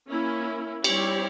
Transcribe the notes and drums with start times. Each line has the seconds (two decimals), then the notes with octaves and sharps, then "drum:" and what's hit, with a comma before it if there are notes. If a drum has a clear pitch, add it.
0.08 A#3 C#4 E4
0.84 G3 C4 E4 G4 C#5, drum: cymbal